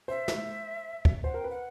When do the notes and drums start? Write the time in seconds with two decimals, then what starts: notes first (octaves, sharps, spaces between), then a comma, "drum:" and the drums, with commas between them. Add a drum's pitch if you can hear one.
0.08 C5 E5
0.28 drum: snare
1.05 drum: kick
1.24 C5 F#5
1.34 A#4 G5
1.44 B4
1.50 F#5